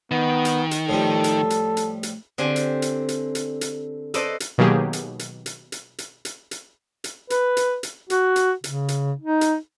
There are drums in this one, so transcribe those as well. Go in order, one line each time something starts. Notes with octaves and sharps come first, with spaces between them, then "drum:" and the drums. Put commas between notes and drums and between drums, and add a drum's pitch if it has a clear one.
D#3 B3
drum: hi-hat
drum: hi-hat
A2 F3 G3 A4
drum: hi-hat
drum: hi-hat
drum: hi-hat
drum: hi-hat
D3 C4 G4 G5 G#5
drum: hi-hat
drum: hi-hat
drum: hi-hat
drum: hi-hat
drum: hi-hat
A4 B4 C5 D5 D#5, drum: hi-hat
drum: hi-hat
B2 D#3 F#3 A#3 G4 G#4
drum: hi-hat
drum: hi-hat
drum: hi-hat
drum: hi-hat
drum: hi-hat
drum: hi-hat
drum: hi-hat
drum: hi-hat
B4, drum: hi-hat
drum: hi-hat
drum: hi-hat
F#4, drum: hi-hat
drum: hi-hat
C#3, drum: hi-hat
drum: hi-hat
D#4
drum: hi-hat